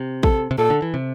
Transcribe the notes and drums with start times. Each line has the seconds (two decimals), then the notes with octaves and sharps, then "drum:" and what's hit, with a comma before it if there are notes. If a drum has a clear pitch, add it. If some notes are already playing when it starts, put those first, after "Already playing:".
Already playing: C3
0.23 A4, drum: kick
0.51 C3
0.58 A#2 A4
0.70 D3
0.82 E3
0.94 C3